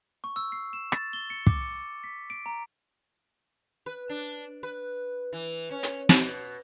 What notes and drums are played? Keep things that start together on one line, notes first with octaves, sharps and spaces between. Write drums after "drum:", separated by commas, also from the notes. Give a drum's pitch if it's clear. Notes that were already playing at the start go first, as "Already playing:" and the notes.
C#6
E6
C7
E7
A6, drum: rim click
G7
C#7
D6, drum: kick
C#7
B6
D7
A#5
B4
D4
B4
E3
C#4
drum: hi-hat
drum: snare
B2